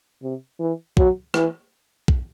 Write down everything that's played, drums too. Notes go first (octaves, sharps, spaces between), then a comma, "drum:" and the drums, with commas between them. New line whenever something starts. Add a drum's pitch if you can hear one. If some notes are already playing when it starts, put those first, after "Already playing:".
C3
E3
F#3, drum: kick
E3, drum: rim click
drum: kick